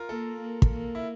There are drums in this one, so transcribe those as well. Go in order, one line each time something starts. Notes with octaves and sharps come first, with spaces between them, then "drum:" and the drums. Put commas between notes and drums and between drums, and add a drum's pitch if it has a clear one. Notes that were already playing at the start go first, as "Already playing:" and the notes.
Already playing: F4 A#4
A#3 A4
A#3
drum: kick
A#3
E4